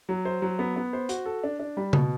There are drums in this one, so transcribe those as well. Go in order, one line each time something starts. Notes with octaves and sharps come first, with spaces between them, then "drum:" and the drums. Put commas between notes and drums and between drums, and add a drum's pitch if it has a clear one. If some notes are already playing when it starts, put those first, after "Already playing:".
F#3
C5
F#3
B3
B3
C5
F#4, drum: hi-hat
A4
D4
D4
G3
B2, drum: tom C#3